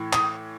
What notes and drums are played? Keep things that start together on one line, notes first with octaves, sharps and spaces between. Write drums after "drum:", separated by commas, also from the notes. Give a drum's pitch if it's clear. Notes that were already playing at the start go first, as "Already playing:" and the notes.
Already playing: A2 E3
D#6, drum: clap